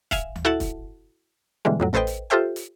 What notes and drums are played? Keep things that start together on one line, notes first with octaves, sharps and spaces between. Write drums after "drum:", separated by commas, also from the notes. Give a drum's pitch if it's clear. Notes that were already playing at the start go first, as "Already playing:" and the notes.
E5 F5 G#5, drum: kick, hi-hat
drum: tom D2
E4 F#4 A4 E5 F#5 A5
drum: kick, hi-hat
B2 D3 E3 G3 G#3
F2 A2 F#3
A1 A4 B4 C5 D#5 G5
drum: hi-hat
F4 G4 A4 C5 E5 G5
drum: hi-hat